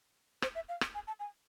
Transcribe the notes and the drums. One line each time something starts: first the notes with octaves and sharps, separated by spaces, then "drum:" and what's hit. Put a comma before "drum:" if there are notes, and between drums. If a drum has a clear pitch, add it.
C5, drum: rim click
E5
F5
drum: rim click
G#5
A5
G#5